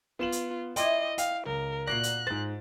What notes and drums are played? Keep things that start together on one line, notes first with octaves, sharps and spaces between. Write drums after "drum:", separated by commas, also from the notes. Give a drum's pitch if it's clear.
B3 F4 E7 F#7
drum: hi-hat
E4 D5 D#5 G5 C6 D6, drum: hi-hat
F5 G5, drum: hi-hat
C#2 A#4
A#2 F#4 D5 F#6 A#6 C7
drum: hi-hat
G#2 C5 A6